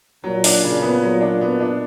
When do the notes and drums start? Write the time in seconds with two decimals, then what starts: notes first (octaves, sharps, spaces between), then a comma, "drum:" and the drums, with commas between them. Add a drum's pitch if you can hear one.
0.24 A#2 F#3
0.44 D4, drum: open hi-hat
0.64 C#3
0.82 B3
1.02 F#3
1.21 D4
1.41 B3
1.60 D4